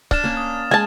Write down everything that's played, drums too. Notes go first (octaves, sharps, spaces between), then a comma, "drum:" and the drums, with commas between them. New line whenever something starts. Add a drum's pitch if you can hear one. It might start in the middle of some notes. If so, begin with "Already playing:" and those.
D4 F6 A6 E7, drum: kick C#1
A#3 C#4
D#6
G#3 G#5 A5